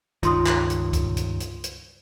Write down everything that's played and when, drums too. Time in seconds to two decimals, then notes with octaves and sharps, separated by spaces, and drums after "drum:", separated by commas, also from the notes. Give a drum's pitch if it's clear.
0.23 C#2 G2 D#3 F4 C6 D#6, drum: hi-hat
0.46 drum: clap
0.70 drum: hi-hat
0.93 drum: kick, hi-hat
1.17 drum: hi-hat
1.40 drum: hi-hat
1.64 drum: hi-hat